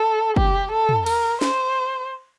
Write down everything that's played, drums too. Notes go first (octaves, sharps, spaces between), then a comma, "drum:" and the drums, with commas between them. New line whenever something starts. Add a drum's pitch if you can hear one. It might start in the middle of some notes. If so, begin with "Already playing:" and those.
Already playing: A4
G4, drum: kick
A4
drum: tom
A#4, drum: cymbal
C5, drum: snare